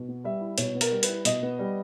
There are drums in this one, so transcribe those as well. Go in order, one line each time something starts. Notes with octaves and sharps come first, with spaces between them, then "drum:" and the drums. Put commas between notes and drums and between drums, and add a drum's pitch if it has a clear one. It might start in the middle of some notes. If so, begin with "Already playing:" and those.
Already playing: B2
B3
G3 E5
E4
B2 C#5, drum: hi-hat
B3
A#4, drum: hi-hat
G3
B4, drum: hi-hat
E4
B2 D#5, drum: hi-hat
B3
G3